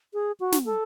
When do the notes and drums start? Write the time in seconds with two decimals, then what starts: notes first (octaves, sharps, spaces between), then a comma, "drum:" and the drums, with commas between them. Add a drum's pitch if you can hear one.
0.14 G#4
0.40 F#4
0.52 drum: snare
0.66 A4